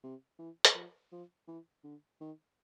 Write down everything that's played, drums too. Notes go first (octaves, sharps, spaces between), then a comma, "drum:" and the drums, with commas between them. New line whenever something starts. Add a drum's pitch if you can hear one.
C3
E3
drum: hi-hat
F3
F3
E3
D3
D#3